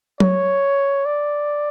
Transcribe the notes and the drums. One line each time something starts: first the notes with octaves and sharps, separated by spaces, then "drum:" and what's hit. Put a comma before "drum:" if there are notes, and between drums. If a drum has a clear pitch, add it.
C#5, drum: tom F#3
D5